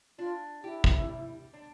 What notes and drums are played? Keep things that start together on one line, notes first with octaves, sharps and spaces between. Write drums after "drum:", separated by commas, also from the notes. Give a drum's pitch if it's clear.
D4 F4
E4 G4
drum: kick
G3
D4